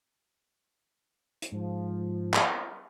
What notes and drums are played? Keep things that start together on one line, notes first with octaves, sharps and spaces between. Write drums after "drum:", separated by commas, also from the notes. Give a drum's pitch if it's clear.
drum: hi-hat
G#2 F3
drum: clap